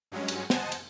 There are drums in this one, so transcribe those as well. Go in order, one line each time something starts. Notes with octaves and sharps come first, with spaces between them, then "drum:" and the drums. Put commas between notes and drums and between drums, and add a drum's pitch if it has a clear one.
G2 F#3 G#3 C#4
drum: cymbal
C5 D#5 F#5 G#5 A5, drum: snare
drum: cymbal